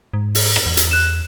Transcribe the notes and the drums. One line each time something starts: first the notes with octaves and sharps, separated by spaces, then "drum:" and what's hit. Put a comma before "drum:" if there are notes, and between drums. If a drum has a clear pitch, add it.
G#2
drum: open hi-hat
drum: rim click
E2
drum: hi-hat
F#6 E7